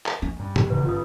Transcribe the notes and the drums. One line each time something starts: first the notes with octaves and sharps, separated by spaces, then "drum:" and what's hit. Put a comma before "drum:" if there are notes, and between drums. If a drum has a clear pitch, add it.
drum: clap
C#4
G2
G4, drum: tom
D#1 C#3 E3 B4
G1 F4 B4 D#6